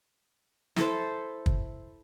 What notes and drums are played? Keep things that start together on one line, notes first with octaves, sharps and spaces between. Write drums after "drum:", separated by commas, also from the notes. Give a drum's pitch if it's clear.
E4 A4 C5, drum: snare
drum: kick